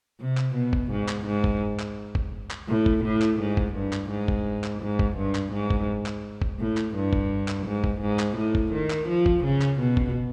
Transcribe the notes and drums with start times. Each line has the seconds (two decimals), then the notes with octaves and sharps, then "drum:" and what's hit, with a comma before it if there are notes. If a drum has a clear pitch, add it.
0.20 C3
0.37 drum: clap
0.55 B2
0.73 drum: kick G1
0.91 G#2
1.08 drum: clap
1.26 G#2
1.44 drum: kick G1
1.80 drum: clap
2.15 drum: kick G1
2.51 drum: clap
2.69 A2
2.86 drum: kick G1
3.04 A2
3.22 drum: clap
3.39 G#2
3.57 drum: kick G1
3.75 G2
3.93 drum: clap
4.10 G#2
4.28 drum: kick G1
4.64 drum: clap
4.82 G#2
4.99 drum: kick G1
5.17 G2
5.35 drum: clap
5.52 G#2
5.70 drum: kick G1
6.06 drum: clap
6.42 drum: kick G1
6.59 A2
6.77 drum: clap
6.95 G2
7.13 drum: kick G1
7.48 drum: clap
7.66 G#2
7.84 drum: kick G1
8.01 G#2
8.19 drum: clap
8.37 A2
8.55 drum: kick G1
8.73 D#3
8.90 drum: clap
9.08 F3
9.26 drum: kick G1
9.44 C#3
9.61 drum: clap
9.80 B2
9.97 drum: kick G1